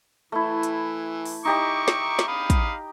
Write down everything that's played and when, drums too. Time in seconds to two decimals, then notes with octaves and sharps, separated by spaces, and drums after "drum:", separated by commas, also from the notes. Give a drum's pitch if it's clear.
0.32 E3 A3 E4
0.63 drum: hi-hat
1.26 drum: open hi-hat
1.45 D#4 G4 E5 A#5 C#6 D6
1.88 drum: snare
2.19 drum: snare
2.28 F5 B5 D#6
2.50 drum: kick, hi-hat